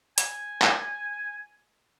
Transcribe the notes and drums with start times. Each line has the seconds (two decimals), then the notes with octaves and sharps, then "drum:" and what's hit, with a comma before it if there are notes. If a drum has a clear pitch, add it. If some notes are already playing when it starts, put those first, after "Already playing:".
0.18 G#5, drum: hi-hat
0.62 drum: clap